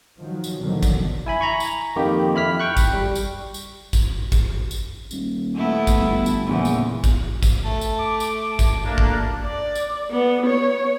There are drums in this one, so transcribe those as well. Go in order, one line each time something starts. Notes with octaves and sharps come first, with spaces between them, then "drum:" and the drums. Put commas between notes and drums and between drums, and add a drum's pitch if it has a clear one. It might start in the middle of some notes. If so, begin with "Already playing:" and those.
D#3 F3 F#3
drum: tambourine
D#2 B2 D3 D#3 F3 F#3
drum: kick, tambourine
E4 G#5 B5
A#5 B5 C#6
drum: tambourine
F2 D#3 A#3 G4
F2 E4 B5 F6 B6
G5 C#6 F#6
drum: kick, tambourine
G3
drum: tambourine
drum: tambourine
drum: kick, tambourine
drum: kick, tambourine
drum: tambourine
D#1, drum: tambourine
A3 B3 E4
drum: kick, tambourine
G1
drum: tambourine
E2 A#2 C#3
drum: tambourine
drum: kick, tambourine
drum: kick, tambourine
A3
drum: tambourine
D6
drum: tambourine
drum: kick, tambourine
A3 A#3 D4
drum: kick
D5
drum: tambourine
B3
C#5